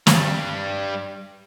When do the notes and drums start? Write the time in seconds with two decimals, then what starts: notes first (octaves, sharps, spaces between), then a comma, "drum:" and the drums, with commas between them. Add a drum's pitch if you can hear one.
0.07 G2 G3, drum: snare